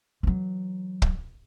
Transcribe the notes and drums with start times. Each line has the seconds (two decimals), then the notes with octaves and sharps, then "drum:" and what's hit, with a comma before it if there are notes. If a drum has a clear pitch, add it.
0.23 E3 F#3
1.02 drum: kick